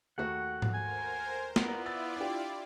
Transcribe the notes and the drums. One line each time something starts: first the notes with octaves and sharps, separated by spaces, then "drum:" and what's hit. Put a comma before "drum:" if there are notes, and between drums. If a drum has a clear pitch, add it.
D#2 A3 F#4 F#5
drum: tom G#2
A#4 C5 G#5
B3 E4 F4 A#4 D5, drum: snare
E6 A6
D4 G4